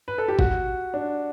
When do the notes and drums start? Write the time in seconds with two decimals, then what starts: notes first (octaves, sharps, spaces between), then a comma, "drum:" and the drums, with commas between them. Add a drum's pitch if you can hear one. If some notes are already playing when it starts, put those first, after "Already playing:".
0.08 B4
0.18 A4
0.28 G4
0.39 F#4, drum: kick G#1
0.94 D4